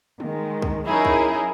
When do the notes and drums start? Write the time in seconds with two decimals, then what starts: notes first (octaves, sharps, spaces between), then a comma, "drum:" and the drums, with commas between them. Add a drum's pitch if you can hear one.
0.20 D#3 G#3, drum: tom
0.62 drum: kick
0.87 F#3 C#4 D#4 E4 G#4 A#4
1.05 drum: kick